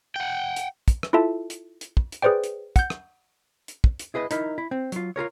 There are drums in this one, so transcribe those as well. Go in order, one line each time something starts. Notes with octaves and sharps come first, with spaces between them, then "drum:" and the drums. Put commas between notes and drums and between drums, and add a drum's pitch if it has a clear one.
F#5 G5
drum: hi-hat
drum: kick, hi-hat
drum: rim click
E4 F4 A4 E5 A5
drum: hi-hat
drum: hi-hat
drum: kick
drum: hi-hat
G#4 B4 C5 D5 G5
drum: hi-hat
F#5 G6, drum: kick, hi-hat
drum: rim click
drum: hi-hat
drum: kick
drum: hi-hat
E4 G#4 B4 D#5
D#4 E4 A#4, drum: hi-hat
E4
C4
F#3 F4, drum: hi-hat
F4 G#4 A#4 C#5